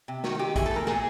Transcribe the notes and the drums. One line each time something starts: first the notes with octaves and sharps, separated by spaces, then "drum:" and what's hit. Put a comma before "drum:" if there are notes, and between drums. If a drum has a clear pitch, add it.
C3
D#3 F#4, drum: snare
F#4
G#3 G4
E3 G#4, drum: kick A1, hi-hat
A4
A3 A#4
A#2 G#4, drum: snare